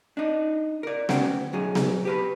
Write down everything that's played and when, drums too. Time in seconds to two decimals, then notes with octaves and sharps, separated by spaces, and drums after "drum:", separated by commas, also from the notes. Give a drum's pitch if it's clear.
0.17 D4 D#4
0.83 A#4 D5
1.09 D2 C#4 C5 F#5 G5, drum: snare B3
1.53 B1 F#3 G#4
1.75 drum: snare B3
2.05 G4 B4 B5